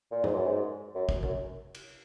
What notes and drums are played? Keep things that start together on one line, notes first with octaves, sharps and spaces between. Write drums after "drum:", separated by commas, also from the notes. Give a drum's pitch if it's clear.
A#2
G#2, drum: tom G2
F#2
G#2
F#2
drum: kick
F#2, drum: tom C3
drum: cymbal